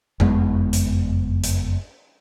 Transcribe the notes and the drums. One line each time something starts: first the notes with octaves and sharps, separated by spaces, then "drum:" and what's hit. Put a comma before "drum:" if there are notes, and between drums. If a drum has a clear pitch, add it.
F#1 F2 G#3 B3, drum: tom F#3
drum: hi-hat
drum: hi-hat